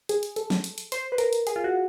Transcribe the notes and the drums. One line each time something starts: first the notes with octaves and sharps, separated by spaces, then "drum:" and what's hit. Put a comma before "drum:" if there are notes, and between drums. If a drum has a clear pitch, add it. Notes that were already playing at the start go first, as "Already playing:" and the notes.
G#4, drum: hi-hat
drum: hi-hat
A4, drum: hi-hat
drum: snare F3
drum: hi-hat
drum: hi-hat
C5, drum: hi-hat
B4
A#4, drum: hi-hat
drum: hi-hat
G#4, drum: hi-hat
F4
F#4